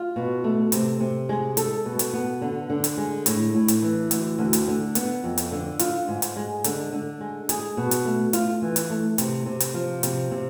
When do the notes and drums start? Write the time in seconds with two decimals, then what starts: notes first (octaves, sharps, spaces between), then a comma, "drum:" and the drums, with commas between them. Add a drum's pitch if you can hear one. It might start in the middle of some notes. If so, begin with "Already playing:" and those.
Already playing: F4
0.16 B2
0.44 A3
0.72 C3, drum: hi-hat
1.00 C3
1.29 G#3
1.57 A4, drum: hi-hat
1.85 B2
1.99 drum: hi-hat
2.13 B3
2.42 D3
2.70 D3
2.84 drum: hi-hat
2.98 G#3
3.26 A2, drum: hi-hat
3.55 A2
3.68 drum: hi-hat
3.82 E3
4.11 D2, drum: hi-hat
4.39 D2
4.53 drum: hi-hat
4.68 D3
4.95 B3, drum: hi-hat
5.24 F2
5.38 drum: hi-hat
5.52 D3
5.79 F4, drum: hi-hat
6.08 G#2
6.22 drum: hi-hat
6.37 G#3
6.64 D3, drum: hi-hat
6.93 D3
7.20 G#3
7.49 G#4, drum: hi-hat
7.77 B2
7.91 drum: hi-hat
8.05 A3
8.33 F4, drum: hi-hat
8.62 E3
8.76 drum: hi-hat
8.90 A3
9.18 C3, drum: hi-hat
9.46 C3
9.60 drum: hi-hat
9.74 F3
10.03 C3, drum: hi-hat
10.31 C3